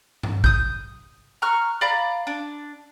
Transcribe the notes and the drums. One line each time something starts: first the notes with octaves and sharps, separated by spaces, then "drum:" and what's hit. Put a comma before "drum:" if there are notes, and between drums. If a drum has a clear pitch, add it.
drum: tom G2
D#6 G6, drum: kick
A#5 C#6 F6 F#6
D5 F5 A#5 B5
D4